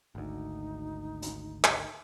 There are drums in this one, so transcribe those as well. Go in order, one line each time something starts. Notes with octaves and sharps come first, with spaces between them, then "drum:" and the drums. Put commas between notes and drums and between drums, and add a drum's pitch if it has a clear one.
G#1 D2 D#4
drum: hi-hat
drum: clap